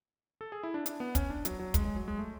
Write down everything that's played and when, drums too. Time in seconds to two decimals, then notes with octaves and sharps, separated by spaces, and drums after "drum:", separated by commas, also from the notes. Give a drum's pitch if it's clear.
0.41 A4
0.52 G#4
0.63 E4
0.74 D4
0.86 D4, drum: hi-hat
1.00 B3
1.15 C#4, drum: kick, hi-hat
1.30 D4
1.45 F#3, drum: hi-hat
1.59 F#3
1.74 G#3, drum: kick, hi-hat
1.85 G#3
1.96 F#3
2.08 G#3
2.19 A3